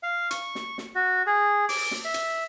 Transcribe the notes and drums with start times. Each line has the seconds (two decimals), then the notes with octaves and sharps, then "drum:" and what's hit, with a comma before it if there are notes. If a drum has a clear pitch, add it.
0.03 F5
0.31 C#6, drum: hi-hat
0.55 drum: snare
0.78 drum: snare
0.95 F#4
1.27 G#4
1.69 D6, drum: open hi-hat
1.91 drum: snare
2.05 E5
2.14 drum: hi-hat